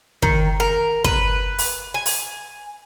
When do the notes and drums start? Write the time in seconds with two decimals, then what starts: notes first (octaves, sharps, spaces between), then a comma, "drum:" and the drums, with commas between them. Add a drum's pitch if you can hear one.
0.22 D#3, drum: kick
0.60 A#4
1.04 B4, drum: kick
1.58 drum: open hi-hat
1.94 G#5
2.06 drum: open hi-hat